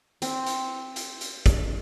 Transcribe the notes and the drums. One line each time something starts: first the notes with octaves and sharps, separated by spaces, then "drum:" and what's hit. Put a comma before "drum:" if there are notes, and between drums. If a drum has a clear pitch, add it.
C4, drum: hi-hat
drum: hi-hat
drum: hi-hat
drum: hi-hat
drum: kick, hi-hat